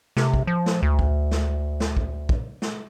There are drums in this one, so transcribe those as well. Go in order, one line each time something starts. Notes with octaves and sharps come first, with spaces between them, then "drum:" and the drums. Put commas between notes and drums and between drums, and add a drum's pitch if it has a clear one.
C3, drum: snare
drum: kick
F3
drum: snare
D2
drum: kick
drum: snare
drum: snare
drum: kick
drum: kick
drum: snare